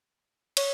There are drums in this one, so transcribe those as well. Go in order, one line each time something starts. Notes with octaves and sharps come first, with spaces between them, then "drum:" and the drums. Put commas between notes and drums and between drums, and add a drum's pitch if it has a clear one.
C#5, drum: cymbal